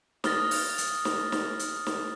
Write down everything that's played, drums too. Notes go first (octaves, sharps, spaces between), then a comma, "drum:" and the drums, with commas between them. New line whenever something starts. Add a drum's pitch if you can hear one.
D#6 F6 A6 A#6, drum: snare
drum: open hi-hat
drum: hi-hat
drum: snare
drum: snare
drum: hi-hat
drum: snare